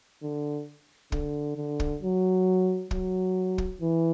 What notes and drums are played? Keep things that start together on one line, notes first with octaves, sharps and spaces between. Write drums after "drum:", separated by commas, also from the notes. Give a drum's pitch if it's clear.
D3
D3, drum: kick
D3
drum: kick
F#3
F#3, drum: kick
drum: kick
E3